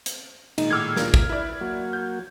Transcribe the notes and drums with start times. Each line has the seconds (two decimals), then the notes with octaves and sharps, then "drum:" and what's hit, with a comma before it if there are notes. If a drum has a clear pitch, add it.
0.06 drum: hi-hat
0.58 A#2 D#3 G#3 D#4, drum: cymbal
0.70 A2 D6 E6 F6 G#6
0.96 A#3 F4, drum: snare
1.14 drum: kick
1.29 E4 B4 D5
1.61 F#3 A#3 F#4
1.93 G6